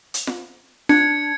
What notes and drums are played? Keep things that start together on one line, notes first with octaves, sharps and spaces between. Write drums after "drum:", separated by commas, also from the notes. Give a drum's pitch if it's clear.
drum: hi-hat
drum: snare F4
D4 G#6 C#7, drum: snare F4